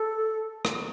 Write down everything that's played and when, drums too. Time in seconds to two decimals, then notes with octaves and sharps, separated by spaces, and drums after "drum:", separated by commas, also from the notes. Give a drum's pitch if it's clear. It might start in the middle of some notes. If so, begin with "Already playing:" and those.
Already playing: A4
0.65 drum: rim click